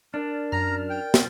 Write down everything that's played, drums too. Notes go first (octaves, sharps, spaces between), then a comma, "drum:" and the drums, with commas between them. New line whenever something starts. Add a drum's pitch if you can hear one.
D4 A#4 D5
F#2 A#5 F6
G5
drum: snare